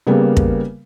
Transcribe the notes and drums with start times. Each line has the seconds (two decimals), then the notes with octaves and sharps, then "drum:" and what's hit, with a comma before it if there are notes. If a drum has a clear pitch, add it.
0.07 C#3 G3 A#3 B3
0.37 drum: kick